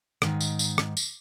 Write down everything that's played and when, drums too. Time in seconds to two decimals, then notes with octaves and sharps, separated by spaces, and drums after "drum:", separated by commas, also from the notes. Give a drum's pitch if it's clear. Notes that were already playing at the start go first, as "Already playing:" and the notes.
0.22 G#2 D#3, drum: rim click
0.41 drum: tambourine
0.59 drum: tambourine
0.78 drum: rim click
0.97 drum: tambourine